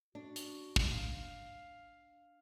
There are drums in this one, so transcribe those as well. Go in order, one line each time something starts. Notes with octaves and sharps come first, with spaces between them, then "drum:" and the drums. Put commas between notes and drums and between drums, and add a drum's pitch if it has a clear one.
D4 F#4
drum: hi-hat
drum: kick
F5